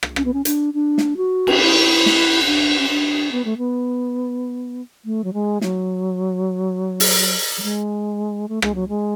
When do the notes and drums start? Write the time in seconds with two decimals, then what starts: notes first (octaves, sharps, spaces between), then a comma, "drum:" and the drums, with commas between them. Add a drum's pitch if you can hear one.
0.03 drum: rim click
0.16 C#4, drum: rim click
0.25 B3
0.33 C#4
0.45 D4, drum: hi-hat
0.74 D4
0.98 drum: snare
1.17 F#4
1.47 drum: cymbal
1.61 E4
2.06 drum: snare
2.42 C#4
2.46 D4
2.79 C#4
2.89 D4
3.32 B3
3.45 A3
3.58 B3
5.05 A3
5.24 F#3
5.33 G#3
5.61 F#3, drum: snare
7.00 drum: open hi-hat
7.58 F#3
7.63 G#3
8.49 A3
8.62 G#3, drum: rim click
8.75 F#3
8.88 G#3